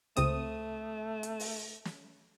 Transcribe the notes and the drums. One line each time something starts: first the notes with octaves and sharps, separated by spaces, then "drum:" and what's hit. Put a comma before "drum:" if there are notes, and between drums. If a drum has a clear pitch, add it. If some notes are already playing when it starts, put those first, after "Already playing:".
C#2 A3 C4 D#6, drum: hi-hat
drum: hi-hat
drum: open hi-hat
drum: snare